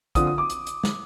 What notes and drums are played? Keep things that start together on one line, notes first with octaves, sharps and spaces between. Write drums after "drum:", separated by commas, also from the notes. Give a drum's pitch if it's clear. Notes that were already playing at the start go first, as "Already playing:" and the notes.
D3 F3 C4 F4 D#6, drum: kick, hi-hat
D#6
D6
drum: hi-hat
drum: hi-hat
drum: snare